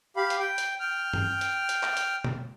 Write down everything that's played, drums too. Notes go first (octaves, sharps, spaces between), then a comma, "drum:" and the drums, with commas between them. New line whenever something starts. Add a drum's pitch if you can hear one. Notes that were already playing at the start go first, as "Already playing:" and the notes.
G4 F5 B5
drum: hi-hat
G5
drum: hi-hat
G5 F6
drum: tom G2
drum: hi-hat
drum: hi-hat
drum: clap
drum: hi-hat
drum: tom B2